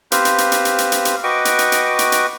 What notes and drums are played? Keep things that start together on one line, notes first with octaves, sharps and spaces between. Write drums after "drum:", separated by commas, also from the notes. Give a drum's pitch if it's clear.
C4 G4 B4 C5 F5, drum: hi-hat
drum: hi-hat
drum: hi-hat
drum: hi-hat
drum: hi-hat
drum: hi-hat
drum: hi-hat
drum: hi-hat
F#4 B4 D#5 G5 C#6 D6
drum: hi-hat
drum: hi-hat
drum: hi-hat
drum: hi-hat
drum: hi-hat